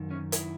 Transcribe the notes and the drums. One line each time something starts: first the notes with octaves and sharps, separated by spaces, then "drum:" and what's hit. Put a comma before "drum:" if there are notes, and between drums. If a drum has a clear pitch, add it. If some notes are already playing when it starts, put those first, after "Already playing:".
Already playing: F#2 D#3
C#4
E4, drum: hi-hat